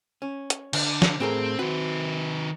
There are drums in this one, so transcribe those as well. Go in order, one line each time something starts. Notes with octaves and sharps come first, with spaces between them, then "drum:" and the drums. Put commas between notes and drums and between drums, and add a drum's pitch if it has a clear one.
C#4
drum: hi-hat
D3, drum: cymbal
drum: snare
A2 C4 G#4 A#4
D#3 C4 F#4 B4